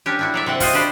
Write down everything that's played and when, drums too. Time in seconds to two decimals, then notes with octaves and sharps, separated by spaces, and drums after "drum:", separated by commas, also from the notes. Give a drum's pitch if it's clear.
0.06 C#4 D4 G4
0.19 D4 E4 F#4
0.34 F#3 D5 E5
0.46 C3 C4 F#5 G5
0.60 F4 F#4 C5 D#5, drum: kick, open hi-hat
0.73 D4 G4 B4 C5 D5